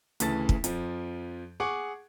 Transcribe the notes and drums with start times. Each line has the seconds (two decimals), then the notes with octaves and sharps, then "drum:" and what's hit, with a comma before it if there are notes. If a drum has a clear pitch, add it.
0.20 D2 C#3 E3 A5 A6, drum: hi-hat
0.49 drum: kick
0.64 F2 F3, drum: hi-hat
1.60 G#4 F#5 C#6 D6